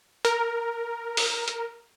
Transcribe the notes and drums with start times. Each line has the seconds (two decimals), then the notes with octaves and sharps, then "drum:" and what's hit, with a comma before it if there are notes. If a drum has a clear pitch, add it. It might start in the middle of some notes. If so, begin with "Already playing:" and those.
0.25 A#4, drum: hi-hat
1.17 drum: open hi-hat
1.48 drum: hi-hat